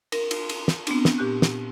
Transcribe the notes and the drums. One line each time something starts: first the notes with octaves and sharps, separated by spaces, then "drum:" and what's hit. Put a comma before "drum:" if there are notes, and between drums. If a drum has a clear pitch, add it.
A#4, drum: cymbal
drum: cymbal
drum: cymbal
drum: snare
B3 C4 D4, drum: cymbal
drum: snare
A#2 G4 F#6
drum: snare